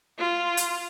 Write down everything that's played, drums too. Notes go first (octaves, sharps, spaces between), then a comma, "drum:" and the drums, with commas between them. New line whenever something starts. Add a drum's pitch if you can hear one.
F4
drum: hi-hat